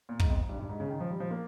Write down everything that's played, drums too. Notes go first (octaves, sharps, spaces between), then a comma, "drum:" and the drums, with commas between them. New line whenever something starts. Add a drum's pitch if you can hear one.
A#2
G#2, drum: kick
F2
G2
G2
G#2
C#3
D#3
F3
G3
F3
A#3